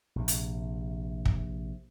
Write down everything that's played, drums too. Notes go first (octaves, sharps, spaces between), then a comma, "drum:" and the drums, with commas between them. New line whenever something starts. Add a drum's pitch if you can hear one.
A#1 C3
drum: hi-hat
drum: kick